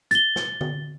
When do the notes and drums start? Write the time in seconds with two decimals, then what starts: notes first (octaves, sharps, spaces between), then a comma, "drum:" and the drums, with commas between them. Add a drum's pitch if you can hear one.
0.11 A6 G7, drum: hi-hat
0.36 drum: snare
0.61 drum: tom D3